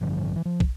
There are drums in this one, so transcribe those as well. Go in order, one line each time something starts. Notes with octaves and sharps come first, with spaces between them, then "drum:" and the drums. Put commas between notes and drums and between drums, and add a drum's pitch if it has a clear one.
A1 G2 D3 F3
E3
F3
drum: kick